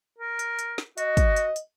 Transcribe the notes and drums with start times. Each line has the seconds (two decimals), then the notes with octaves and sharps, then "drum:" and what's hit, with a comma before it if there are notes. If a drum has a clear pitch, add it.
0.18 A#4
0.39 drum: hi-hat
0.59 drum: hi-hat
0.78 drum: snare
0.98 F#4 D#5, drum: hi-hat
1.17 drum: kick, hi-hat
1.37 drum: hi-hat
1.56 drum: hi-hat